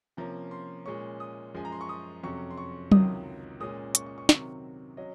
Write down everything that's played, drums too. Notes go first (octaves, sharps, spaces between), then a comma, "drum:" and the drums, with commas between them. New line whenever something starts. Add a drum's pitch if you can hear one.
C3 F3 A#3 C#4 A#5
C6
A#2 G#3 C#4 C#6
D#6
F#2 F3 G#3 G#5
A#5
C6
C#6
D#6
F2 C3 F#3 C#4 C#6
C6
C#6
C#2 C3 D#3 F#3 D#6, drum: tom F#3
A#2 G#3 C#4 D#6
C#6, drum: hi-hat
C#6
C#6
C3 D#3 F#3 C4 C#6, drum: snare
F#3 C#4 D#5